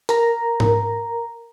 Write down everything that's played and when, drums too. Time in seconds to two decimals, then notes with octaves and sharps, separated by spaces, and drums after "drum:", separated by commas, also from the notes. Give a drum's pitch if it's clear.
0.09 A#4 A#5, drum: hi-hat
0.60 drum: tom G#2